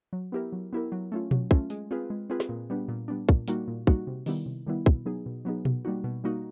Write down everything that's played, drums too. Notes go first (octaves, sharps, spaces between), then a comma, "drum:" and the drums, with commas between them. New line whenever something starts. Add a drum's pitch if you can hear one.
F#3
B3 E4 G4 A#4
F#3
B3 E4 G4 A#4
F#3
A3 C#4 F4
F#3, drum: tom B2
A3 C#4 F4, drum: kick
G#3, drum: tambourine
C4 F4 G#4 B4
G#3
C4 F4 G#4 B4
drum: snare
A#2
G3 B3 D4
A#2
G3 B3 D4
A#2, drum: kick
G3 A#3 D#4 F#4, drum: hi-hat
A#2
G3 A#3 D#4 F#4, drum: kick
C3
D#3 G3 B3 E4, drum: open hi-hat
C3
D#3 G3 B3 E4
B2, drum: kick
F#3 B3 D#4 G#4
B2
F#3 B3 D#4 G#4
B2, drum: tom B2
G3 A#3 D#4 F#4
B2
G3 A#3 D#4 F#4